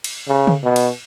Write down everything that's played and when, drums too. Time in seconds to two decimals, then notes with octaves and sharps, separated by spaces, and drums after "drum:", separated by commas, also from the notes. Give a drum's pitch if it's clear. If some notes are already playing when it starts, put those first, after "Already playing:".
0.04 drum: cymbal
0.28 C#3
0.47 drum: tom C#3
0.64 B2
0.76 drum: cymbal